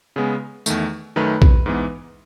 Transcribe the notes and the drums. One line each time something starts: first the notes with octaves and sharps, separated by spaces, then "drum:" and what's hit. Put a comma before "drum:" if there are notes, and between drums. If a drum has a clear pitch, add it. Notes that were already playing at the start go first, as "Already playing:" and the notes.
C#3 G#3 B3
E2 D#3 A3, drum: tambourine
F#2 D#3 A3 B4
drum: kick A#1
G#2 E3 B3